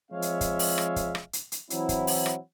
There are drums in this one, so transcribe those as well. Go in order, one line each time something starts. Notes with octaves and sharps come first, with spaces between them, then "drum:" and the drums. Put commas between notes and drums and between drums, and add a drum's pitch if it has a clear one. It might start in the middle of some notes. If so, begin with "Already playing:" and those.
F3 G#3 C4 C#5 E5 F5
drum: hi-hat
drum: kick, hi-hat
drum: open hi-hat
drum: rim click
drum: kick, hi-hat
drum: rim click
drum: hi-hat
drum: hi-hat
E3 F#3 C4 E4, drum: hi-hat
drum: kick, hi-hat
drum: open hi-hat
drum: rim click